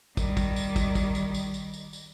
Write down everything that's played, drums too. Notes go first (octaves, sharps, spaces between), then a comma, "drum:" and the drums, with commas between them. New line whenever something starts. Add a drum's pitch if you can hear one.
D#3 G3, drum: kick, tambourine
drum: kick, tambourine
drum: tambourine
drum: kick, tambourine
drum: kick, tambourine
drum: tambourine
drum: tambourine
drum: tambourine
drum: tambourine
drum: tambourine